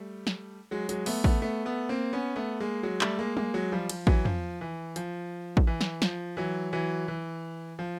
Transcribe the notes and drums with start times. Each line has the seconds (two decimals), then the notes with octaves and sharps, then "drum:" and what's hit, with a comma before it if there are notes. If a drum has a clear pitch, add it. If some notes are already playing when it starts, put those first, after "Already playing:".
Already playing: G3 A3
0.27 drum: snare
0.71 F#3 G#3
0.89 F#3 G#3, drum: hi-hat
1.06 A3 B3, drum: open hi-hat
1.24 A3 B3, drum: kick A1
1.42 A3 B3
1.65 A3 B3
1.89 A#3 C4
2.13 B3 C#4
2.36 A3 B3
2.60 G#3 A#3
2.83 F#3 G#3
3.01 G3 A3, drum: clap
3.19 G#3 A#3
3.37 G#3 A#3, drum: tom F#3
3.54 F#3 G#3
3.72 F3 G3
3.89 F3, drum: cymbal
4.07 E3 F#3, drum: kick A1
4.25 F3, drum: tom
4.61 E3
4.96 F3, drum: hi-hat
5.57 drum: kick A1
5.67 E3
5.81 drum: snare
6.02 F3, drum: snare
6.37 E3 F#3
6.73 E3 F#3
7.08 E3
7.79 F3